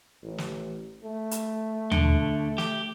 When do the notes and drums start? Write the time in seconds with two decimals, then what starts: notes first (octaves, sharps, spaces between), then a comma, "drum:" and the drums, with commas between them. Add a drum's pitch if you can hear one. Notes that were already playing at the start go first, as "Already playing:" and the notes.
0.23 A1
0.38 drum: snare
1.04 A3
1.31 drum: hi-hat
1.91 D3, drum: tom D#2
2.58 G4, drum: snare